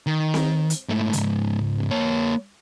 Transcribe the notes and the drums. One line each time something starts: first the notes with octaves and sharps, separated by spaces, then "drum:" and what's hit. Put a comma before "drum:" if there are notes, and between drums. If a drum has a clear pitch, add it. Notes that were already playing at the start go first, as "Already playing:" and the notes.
D#3
drum: snare C4
drum: hi-hat
G#2 A3
C#2 G#2, drum: hi-hat
A#3 C#5